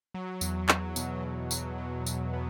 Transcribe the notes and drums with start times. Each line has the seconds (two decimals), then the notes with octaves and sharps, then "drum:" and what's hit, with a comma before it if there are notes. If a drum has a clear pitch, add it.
0.14 F#3
0.41 E2, drum: tambourine
0.69 E2, drum: clap
0.96 B2, drum: tambourine
1.24 F#3
1.51 F#3, drum: tambourine
1.78 F#3
2.06 B2, drum: tambourine
2.33 B3